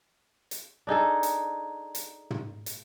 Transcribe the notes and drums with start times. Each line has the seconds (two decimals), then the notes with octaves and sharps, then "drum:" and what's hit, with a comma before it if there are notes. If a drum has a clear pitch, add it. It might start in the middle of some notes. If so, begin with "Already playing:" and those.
0.51 drum: hi-hat
0.87 D4 D#4 G#4 A4
1.23 drum: hi-hat
1.95 drum: hi-hat
2.30 drum: tom
2.66 drum: hi-hat